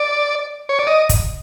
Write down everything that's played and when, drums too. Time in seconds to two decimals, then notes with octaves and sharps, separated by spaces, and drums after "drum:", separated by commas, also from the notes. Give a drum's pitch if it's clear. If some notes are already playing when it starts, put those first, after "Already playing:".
Already playing: D5
0.69 C#5
0.79 D5
0.87 D#5
1.09 drum: kick, hi-hat